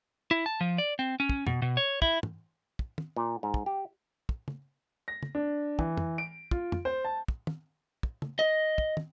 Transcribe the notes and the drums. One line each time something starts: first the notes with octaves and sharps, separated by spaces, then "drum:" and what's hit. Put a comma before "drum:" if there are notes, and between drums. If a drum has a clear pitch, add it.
E4
A5
F3
D5
C4
C#4
drum: kick
B2, drum: tom
B2
C#5
E4, drum: kick
drum: tom
drum: kick
drum: tom
A#2
G#2
drum: kick
G4
drum: kick
drum: tom
A#6
drum: tom
D4
E3, drum: kick
drum: tom
D7
F4, drum: kick
drum: tom
C5
A5
drum: kick
drum: tom
drum: kick
drum: tom
D#5
drum: kick
drum: tom